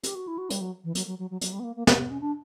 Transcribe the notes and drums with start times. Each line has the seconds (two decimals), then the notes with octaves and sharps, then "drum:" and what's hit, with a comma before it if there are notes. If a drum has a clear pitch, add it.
0.03 G4, drum: hi-hat
0.15 F#4
0.28 E4
0.38 F#4
0.50 G3, drum: hi-hat
0.61 F#3
0.84 E3
0.95 F#3, drum: hi-hat
1.07 F#3
1.19 F#3
1.30 F#3
1.41 F#3, drum: hi-hat
1.53 G3
1.60 B3
1.64 A#3
1.76 A#3
1.87 A#3, drum: snare
1.99 B3
2.10 C#4
2.21 D4